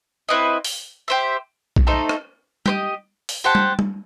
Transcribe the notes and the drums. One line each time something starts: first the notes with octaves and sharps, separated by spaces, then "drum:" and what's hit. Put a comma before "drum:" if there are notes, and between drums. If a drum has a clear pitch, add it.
C4 E4 B4 D#5
drum: open hi-hat
G4 C5 E5
drum: kick A#1
A3 D#4 A4 C5
drum: rim click
G4 C5 D#5, drum: tom G3
drum: open hi-hat
G4 C5 F#5 A5
drum: tom G3
drum: tom G3